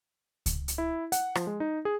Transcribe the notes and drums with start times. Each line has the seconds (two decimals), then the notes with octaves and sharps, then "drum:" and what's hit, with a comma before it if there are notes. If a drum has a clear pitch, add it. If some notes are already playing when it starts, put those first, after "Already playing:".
0.46 drum: kick C#2, hi-hat
0.68 drum: hi-hat
0.78 E4
1.12 F#5, drum: hi-hat
1.35 F3, drum: rim click
1.47 G#3
1.60 D#4
1.85 G#4